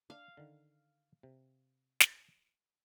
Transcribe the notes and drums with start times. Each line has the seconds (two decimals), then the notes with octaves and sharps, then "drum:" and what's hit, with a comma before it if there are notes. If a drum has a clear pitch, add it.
0.10 D4 F5
0.37 D3 D#3
1.23 C3
2.00 drum: snare